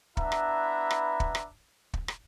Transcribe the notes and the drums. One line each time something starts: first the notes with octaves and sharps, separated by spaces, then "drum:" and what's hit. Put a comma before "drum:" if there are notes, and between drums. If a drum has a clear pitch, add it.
B3 D4 E4 B4 E5 A#5, drum: kick
drum: rim click
drum: rim click
drum: kick
drum: rim click
drum: kick
drum: rim click